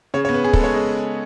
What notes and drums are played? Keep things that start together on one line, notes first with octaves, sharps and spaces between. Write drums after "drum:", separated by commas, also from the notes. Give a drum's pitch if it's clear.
C#3 C#5
C#5
B3
B4
C#3 G#4
A4, drum: kick
G#3 C#5
G#3 D#5